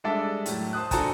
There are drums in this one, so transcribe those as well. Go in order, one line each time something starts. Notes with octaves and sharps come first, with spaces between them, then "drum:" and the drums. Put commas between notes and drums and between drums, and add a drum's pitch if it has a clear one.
G3 G#3 D4 A4 D5 E5
F#2 A2, drum: hi-hat
C5 A5 D#6 F#6
D4 F#4 A4 C5 G#5 A#5, drum: kick, hi-hat